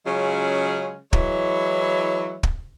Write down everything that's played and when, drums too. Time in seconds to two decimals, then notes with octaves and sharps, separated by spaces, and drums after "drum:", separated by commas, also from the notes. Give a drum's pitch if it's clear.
0.06 C#3 F#3 G#3 C#4 F4 G#4
1.13 E3 F#3 G#3 E4 C#5, drum: kick
2.43 drum: kick